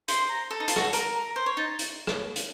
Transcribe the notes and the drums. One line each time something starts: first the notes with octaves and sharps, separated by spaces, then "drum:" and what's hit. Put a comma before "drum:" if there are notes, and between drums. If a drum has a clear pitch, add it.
C5 C6, drum: hi-hat
A#5
A4 A5
D#4
F4, drum: hi-hat
F#4, drum: rim click
A4
A#4 A#5, drum: hi-hat
A#5
C5 C6
C#5
D#4 A6
drum: hi-hat
drum: rim click
drum: hi-hat